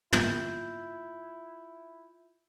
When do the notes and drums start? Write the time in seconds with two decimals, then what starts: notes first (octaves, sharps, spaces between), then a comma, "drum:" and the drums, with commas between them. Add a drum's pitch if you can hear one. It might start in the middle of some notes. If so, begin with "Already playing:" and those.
0.13 E4 F4 G6, drum: tom